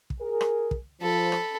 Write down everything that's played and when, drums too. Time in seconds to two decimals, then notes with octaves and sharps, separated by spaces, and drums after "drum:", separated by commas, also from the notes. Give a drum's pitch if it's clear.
0.10 drum: kick
0.20 G#4 A#4
0.41 drum: rim click
0.71 drum: kick
1.02 F3 A4 B5
1.32 drum: rim click